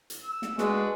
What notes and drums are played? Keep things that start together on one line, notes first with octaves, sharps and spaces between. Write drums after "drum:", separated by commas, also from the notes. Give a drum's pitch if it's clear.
drum: hi-hat
E6
drum: snare
G#3 D4 F#4 B4, drum: snare